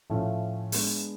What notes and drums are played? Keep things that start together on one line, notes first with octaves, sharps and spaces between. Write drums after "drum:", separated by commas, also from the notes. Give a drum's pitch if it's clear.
A2 F3 A3 C#4 F4
G#3 B3 D4, drum: open hi-hat